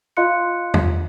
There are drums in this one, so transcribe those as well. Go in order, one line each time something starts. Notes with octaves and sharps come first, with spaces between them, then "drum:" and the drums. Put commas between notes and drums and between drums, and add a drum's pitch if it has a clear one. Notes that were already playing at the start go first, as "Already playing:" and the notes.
F4 D#5 F5 C6 F#6 C#7
drum: tom E2